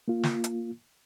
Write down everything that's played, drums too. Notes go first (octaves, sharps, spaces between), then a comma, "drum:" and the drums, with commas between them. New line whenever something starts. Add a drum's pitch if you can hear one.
A#3 F4
drum: snare
drum: hi-hat